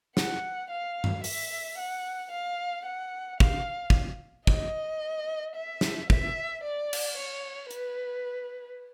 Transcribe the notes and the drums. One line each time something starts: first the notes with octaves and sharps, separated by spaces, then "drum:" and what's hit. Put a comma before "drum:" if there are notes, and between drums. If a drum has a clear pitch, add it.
F#5, drum: snare
F5
drum: tom G2
E5, drum: open hi-hat
F#5
F5
F#5
F5, drum: kick
drum: kick
D#5, drum: kick
E5
drum: snare
E5, drum: kick
D5
drum: cymbal
C#5
B4, drum: hi-hat